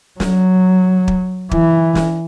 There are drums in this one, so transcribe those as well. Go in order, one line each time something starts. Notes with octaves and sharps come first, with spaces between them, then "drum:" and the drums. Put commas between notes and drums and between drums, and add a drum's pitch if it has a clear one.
F#3, drum: snare
drum: kick
E3, drum: kick
drum: snare